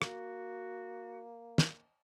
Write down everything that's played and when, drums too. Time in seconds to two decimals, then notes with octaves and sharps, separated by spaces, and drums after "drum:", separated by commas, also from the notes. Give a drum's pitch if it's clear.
0.02 A#3 F#4, drum: rim click
1.58 drum: snare